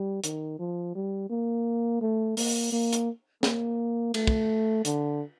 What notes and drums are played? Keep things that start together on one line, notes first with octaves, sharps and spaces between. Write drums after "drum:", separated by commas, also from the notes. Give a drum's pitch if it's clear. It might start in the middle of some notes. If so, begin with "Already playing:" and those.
Already playing: G3
D#3, drum: hi-hat
F3
G3
A#3
A3
A#3, drum: open hi-hat
A#3
drum: hi-hat
A#3, drum: snare
A3, drum: cymbal
drum: kick
D3, drum: hi-hat